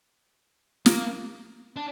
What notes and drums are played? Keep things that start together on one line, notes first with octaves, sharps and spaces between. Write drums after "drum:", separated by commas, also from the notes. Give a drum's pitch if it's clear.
A#3, drum: snare
D4